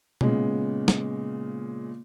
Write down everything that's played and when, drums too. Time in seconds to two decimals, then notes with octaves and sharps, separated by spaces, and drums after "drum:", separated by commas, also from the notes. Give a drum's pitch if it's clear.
0.21 A#2 C#3 G#3 B3, drum: tom B2
0.88 drum: snare